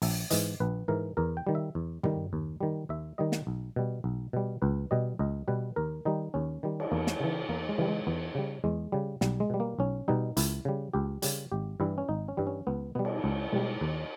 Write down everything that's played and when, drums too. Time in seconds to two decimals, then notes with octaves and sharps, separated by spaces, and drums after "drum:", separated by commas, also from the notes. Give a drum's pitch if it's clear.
0.02 A#1 E5, drum: open hi-hat
0.30 G#2 E3 D#5, drum: hi-hat
0.60 A#1 B4
0.88 G#2 E3 A#4
1.17 E2 A#4
1.37 G5
1.47 D#3 G3
1.55 E5
1.75 E2
2.03 D#3 G3, drum: tom
2.33 D#2
2.60 D#3 G3
2.89 D#2 E5
3.18 D#3 G3 D#5
3.32 drum: snare
3.47 B1
3.76 B2 G3
4.04 B1
4.33 B2 G3
4.62 C#2 B4
4.91 B2 G3 D#5
5.19 C#2 D#5
5.48 B2 G3 B4
5.76 D#2 A#4
6.05 D#3 G3 D#4
6.34 D#2 C#4
6.63 D#3 G3
6.80 drum: cymbal
6.91 E2 A#3
7.07 drum: snare
7.20 C#3 E3
7.49 E2 A#3
7.69 G#3
7.78 C#3 E3 G3
7.88 G#3
8.07 E2 B3
8.35 C#3 G3
8.64 E2 G#3
8.92 C#3 G3
9.21 B1 G3, drum: snare
9.40 G#3
9.50 B2 G3
9.60 A#3
9.79 B1 C#4
10.08 B2 G3 D#4
10.37 C#2 E4, drum: hi-hat
10.65 C#3 G3
10.94 C#2 G4
11.22 C#3 G3, drum: hi-hat
11.52 G#1 G4
11.80 G2 E3 G3 E4
11.98 C#4
12.09 G#1 D#4
12.28 C#4
12.37 G2 E3 G3
12.47 C#4
12.67 C#2 B3
12.95 B2 G3 B3
13.05 drum: cymbal
13.24 C#2
13.52 B2 G3 G#3
13.81 D#2